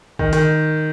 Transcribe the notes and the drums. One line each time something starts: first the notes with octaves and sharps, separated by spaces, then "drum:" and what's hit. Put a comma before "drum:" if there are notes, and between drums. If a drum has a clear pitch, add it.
D#3, drum: kick A#1
D#3, drum: hi-hat